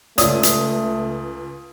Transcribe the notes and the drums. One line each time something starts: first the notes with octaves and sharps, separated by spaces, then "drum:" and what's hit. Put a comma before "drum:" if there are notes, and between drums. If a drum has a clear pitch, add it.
C#2 A3 C#5 D5 D#6 E6, drum: hi-hat
drum: hi-hat